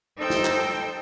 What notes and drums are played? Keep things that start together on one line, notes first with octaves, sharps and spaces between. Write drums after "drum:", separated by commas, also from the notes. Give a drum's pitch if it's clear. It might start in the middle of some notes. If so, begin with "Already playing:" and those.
D#4 A4 C5 G5 E6 G6
drum: snare
drum: clap